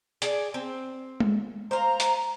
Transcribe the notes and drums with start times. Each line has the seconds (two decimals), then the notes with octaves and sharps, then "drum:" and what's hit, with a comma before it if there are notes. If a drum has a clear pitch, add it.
0.22 G#4 D5, drum: hi-hat
0.54 C4
1.20 drum: tom G#3
1.71 C5 F5 A#5
2.00 drum: hi-hat